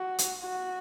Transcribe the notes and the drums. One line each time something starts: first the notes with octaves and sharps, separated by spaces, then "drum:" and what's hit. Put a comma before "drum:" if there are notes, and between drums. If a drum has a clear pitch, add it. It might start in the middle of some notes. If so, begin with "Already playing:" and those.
Already playing: F#4
drum: hi-hat
F#4